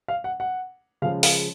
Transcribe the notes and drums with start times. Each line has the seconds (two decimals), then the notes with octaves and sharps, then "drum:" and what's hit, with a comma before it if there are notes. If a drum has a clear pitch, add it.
0.08 F5
0.24 F#5
0.40 F#5
1.02 C#3 F3 G#3 F5
1.23 F5, drum: open hi-hat